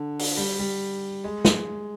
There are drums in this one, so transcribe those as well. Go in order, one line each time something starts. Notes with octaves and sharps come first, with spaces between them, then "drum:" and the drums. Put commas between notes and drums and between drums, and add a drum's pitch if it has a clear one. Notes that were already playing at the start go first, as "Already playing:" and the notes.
Already playing: D3
drum: open hi-hat
G3
G3
G#3
drum: snare